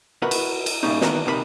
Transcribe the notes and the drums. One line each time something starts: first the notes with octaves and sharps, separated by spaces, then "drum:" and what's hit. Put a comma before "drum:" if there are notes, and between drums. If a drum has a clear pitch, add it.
F#4 A#4 B4 D#5 E5 F#5
drum: cymbal
drum: cymbal
A2 F#3 G3 A#3 C#4 D#4
D#3 E3 A#3 B3 D4 A#4, drum: snare
C#2 C3 D#4 E4 A#4 B5